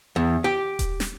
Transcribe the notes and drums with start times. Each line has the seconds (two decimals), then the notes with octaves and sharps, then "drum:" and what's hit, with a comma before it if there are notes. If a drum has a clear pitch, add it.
0.16 E2
0.44 G4
0.79 drum: kick D#1, hi-hat
1.00 drum: snare